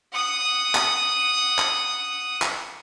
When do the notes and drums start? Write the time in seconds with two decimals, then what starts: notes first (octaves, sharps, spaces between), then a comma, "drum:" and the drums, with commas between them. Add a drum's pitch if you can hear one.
0.13 F#5 D#6
0.75 drum: clap
1.59 drum: clap
2.42 drum: clap